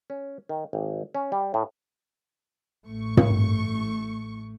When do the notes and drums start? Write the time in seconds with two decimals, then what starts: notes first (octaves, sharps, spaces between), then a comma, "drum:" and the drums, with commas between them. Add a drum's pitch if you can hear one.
0.10 C#4
0.49 D#3
0.73 G#1
1.15 C#4
1.32 G3
1.54 A2
2.87 A1 A3 C#6
3.17 drum: tom